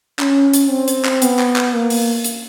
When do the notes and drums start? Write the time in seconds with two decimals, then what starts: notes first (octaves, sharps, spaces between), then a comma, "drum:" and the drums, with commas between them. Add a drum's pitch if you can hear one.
0.19 C#4, drum: clap
0.54 drum: hi-hat
0.70 C4
0.88 drum: hi-hat
1.05 drum: clap
1.22 B3, drum: hi-hat
1.39 drum: clap
1.56 drum: clap
1.74 A#3
1.90 drum: open hi-hat
2.24 drum: hi-hat